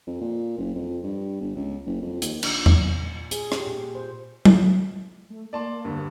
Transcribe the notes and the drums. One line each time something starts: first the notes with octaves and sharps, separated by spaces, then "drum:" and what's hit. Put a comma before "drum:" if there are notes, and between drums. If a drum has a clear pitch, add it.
F2
A#2
F#1
F2
G2
G1
C#2
F#1
F2
D#2, drum: hi-hat
A#1, drum: cymbal
drum: tom E2
A#2
G#4, drum: hi-hat
G4, drum: rim click
A#2
C5
drum: tom F#3
A3
A#3 D5 A5 C6
D2 G2 D3